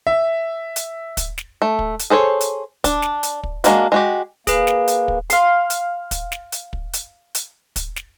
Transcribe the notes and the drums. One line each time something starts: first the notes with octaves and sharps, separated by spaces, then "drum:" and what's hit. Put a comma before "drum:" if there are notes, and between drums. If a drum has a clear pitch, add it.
E5
drum: hi-hat
drum: kick, hi-hat
drum: snare
A3
drum: kick
drum: hi-hat
G#4 A4 C5 C#5
drum: hi-hat
D4, drum: kick, hi-hat
drum: snare
drum: hi-hat
drum: kick
G#3 A#3 D4 F#4, drum: hi-hat
G#3 F#4 G4
A#3 G#4 B4, drum: kick, hi-hat
drum: snare
drum: hi-hat
drum: kick
F5 C6, drum: hi-hat
drum: hi-hat
drum: kick, hi-hat
drum: snare
drum: hi-hat
drum: kick
drum: hi-hat
drum: hi-hat
drum: kick, hi-hat
drum: snare